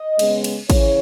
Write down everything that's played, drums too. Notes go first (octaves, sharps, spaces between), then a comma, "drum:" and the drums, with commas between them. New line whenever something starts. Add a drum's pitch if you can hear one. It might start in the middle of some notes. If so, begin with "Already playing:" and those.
Already playing: D#5
C#3 G#3 B3, drum: cymbal
drum: cymbal
C#3 E3 C#5, drum: kick, cymbal